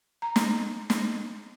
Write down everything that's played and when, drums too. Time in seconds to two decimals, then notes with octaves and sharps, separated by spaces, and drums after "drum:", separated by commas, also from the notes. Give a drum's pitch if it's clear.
0.22 A#5
0.36 drum: snare
0.90 drum: snare